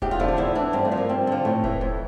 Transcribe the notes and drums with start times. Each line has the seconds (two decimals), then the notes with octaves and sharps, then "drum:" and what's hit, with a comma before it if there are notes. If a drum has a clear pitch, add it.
0.02 E2 G4, drum: kick E1
0.11 F4
0.20 D3 F3 E4
0.28 D4
0.37 E2 E4
0.55 E3 D4
0.73 G2 C4
0.85 A3
0.92 F3
0.97 A#3
1.09 G2 C4
1.27 D3 F3
1.45 A2
1.64 E3, drum: kick E1
1.81 F2